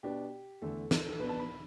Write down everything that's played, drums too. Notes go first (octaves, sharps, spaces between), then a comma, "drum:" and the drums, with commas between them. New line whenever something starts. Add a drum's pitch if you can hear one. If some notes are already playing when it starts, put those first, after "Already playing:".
B2 B3 D4 G4
E2 D3 A3 A4
A4, drum: snare
A4
B2 B3 D4 B4
A5
B5